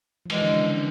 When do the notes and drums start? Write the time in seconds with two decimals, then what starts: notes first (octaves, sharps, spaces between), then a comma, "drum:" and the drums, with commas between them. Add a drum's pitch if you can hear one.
0.26 F3
0.30 E2 B2 E3 G#3, drum: cymbal
0.41 D3
0.53 C#3
0.65 D3